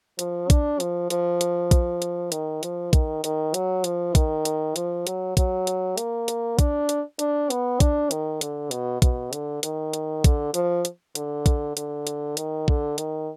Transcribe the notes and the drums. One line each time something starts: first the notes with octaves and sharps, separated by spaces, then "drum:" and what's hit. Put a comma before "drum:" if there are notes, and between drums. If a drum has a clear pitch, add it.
F3, drum: hi-hat
D4, drum: kick, hi-hat
F3, drum: hi-hat
F3, drum: hi-hat
drum: hi-hat
drum: kick, hi-hat
drum: hi-hat
D#3, drum: hi-hat
F3, drum: hi-hat
D#3, drum: kick, hi-hat
D#3, drum: hi-hat
F#3, drum: hi-hat
F3, drum: hi-hat
D#3, drum: kick, hi-hat
drum: hi-hat
F3, drum: hi-hat
F#3, drum: hi-hat
F#3, drum: kick, hi-hat
drum: hi-hat
A#3, drum: hi-hat
drum: hi-hat
D4, drum: kick, hi-hat
drum: hi-hat
D4, drum: hi-hat
B3, drum: hi-hat
D4, drum: kick, hi-hat
D#3, drum: hi-hat
D3, drum: hi-hat
B2, drum: hi-hat
B2, drum: kick, hi-hat
D3, drum: hi-hat
D#3, drum: hi-hat
drum: hi-hat
D3, drum: kick, hi-hat
F3, drum: hi-hat
drum: hi-hat
D3, drum: hi-hat
drum: kick, hi-hat
D3, drum: hi-hat
drum: hi-hat
D#3, drum: hi-hat
D3, drum: kick
D#3, drum: hi-hat